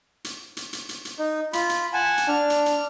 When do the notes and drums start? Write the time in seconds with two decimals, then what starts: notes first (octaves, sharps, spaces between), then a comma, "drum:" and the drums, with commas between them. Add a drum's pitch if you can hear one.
0.24 drum: hi-hat
0.57 drum: hi-hat
0.73 drum: hi-hat
0.89 drum: hi-hat
1.05 drum: hi-hat
1.19 D#4
1.53 F4 B5, drum: hi-hat
1.69 drum: hi-hat
1.93 F#5 G#5 A5
2.18 drum: hi-hat
2.28 D4 F6
2.50 drum: hi-hat
2.66 drum: hi-hat